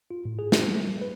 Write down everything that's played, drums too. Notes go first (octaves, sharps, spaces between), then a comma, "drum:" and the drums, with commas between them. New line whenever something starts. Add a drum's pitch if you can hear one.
F4
A2
G#4
F4, drum: snare
G3
B4